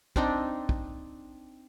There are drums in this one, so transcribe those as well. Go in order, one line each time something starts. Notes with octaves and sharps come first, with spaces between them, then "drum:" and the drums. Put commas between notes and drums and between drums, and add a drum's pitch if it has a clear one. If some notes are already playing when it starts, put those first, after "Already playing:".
C4 D4 D#4, drum: kick
drum: kick